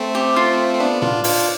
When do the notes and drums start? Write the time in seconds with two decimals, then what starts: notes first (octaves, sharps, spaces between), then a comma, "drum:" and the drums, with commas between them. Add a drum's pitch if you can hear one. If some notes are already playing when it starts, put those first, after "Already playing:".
Already playing: A3 C4
0.15 G4
0.36 F4
0.75 C4
0.80 B3 D4
1.02 D4 F4, drum: tom A2
1.24 D4 F4, drum: open hi-hat